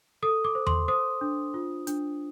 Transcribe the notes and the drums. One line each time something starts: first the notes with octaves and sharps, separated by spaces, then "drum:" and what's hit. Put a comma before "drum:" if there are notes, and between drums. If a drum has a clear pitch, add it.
A4 D#6
D6
C5
C6, drum: tom E2
C5 D#6
D4
F4
D4, drum: hi-hat